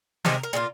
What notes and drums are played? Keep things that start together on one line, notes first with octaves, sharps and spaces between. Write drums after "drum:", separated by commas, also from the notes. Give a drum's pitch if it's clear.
C3 G#3 D#4 A#4, drum: snare
A#4
A#2 A#3 F4 G#4